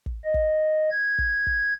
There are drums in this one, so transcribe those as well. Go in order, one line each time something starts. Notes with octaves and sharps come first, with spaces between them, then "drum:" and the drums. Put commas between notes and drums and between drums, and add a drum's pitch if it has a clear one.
drum: kick
D#5
drum: kick
G#6
drum: kick
drum: kick